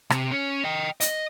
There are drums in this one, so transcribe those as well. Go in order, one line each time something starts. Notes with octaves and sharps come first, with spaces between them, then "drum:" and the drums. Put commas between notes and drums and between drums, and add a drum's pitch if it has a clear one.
C3, drum: rim click
C#4
D#5 G5
D#5, drum: hi-hat